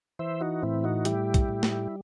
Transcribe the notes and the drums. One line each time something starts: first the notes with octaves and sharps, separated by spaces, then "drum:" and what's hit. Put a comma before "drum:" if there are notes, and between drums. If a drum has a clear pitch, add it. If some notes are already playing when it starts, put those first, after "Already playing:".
E3 C5 E5
D#4 F#4
A2 C4 E4
D#4 F#4
G3 E4 G4, drum: hi-hat
drum: kick, hi-hat
A2
drum: snare